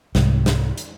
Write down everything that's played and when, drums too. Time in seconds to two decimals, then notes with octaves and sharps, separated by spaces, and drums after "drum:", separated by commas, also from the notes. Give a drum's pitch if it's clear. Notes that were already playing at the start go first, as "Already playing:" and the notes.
0.15 C2 G#2, drum: snare
0.46 drum: snare
0.78 drum: hi-hat